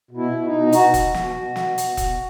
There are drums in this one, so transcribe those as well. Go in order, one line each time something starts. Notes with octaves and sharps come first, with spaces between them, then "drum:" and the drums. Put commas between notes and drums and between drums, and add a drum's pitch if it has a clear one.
B2
E4
B2
D#4
B2
B2 F#4, drum: hi-hat
B2, drum: kick E1, hi-hat
B2, drum: snare
B2
B2, drum: snare
B2, drum: hi-hat
B2, drum: kick E1, hi-hat